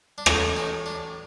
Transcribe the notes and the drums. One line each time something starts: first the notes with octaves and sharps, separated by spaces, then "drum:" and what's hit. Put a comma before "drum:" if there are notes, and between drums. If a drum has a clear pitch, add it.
D4
A1 A2 F#3 D#4, drum: rim click
D#4
D4